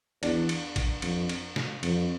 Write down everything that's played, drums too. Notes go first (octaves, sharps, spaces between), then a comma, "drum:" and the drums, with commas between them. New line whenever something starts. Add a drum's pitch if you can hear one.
E2 D4, drum: cymbal
drum: cymbal
drum: kick, cymbal
F2, drum: cymbal
drum: cymbal
drum: snare
F2, drum: cymbal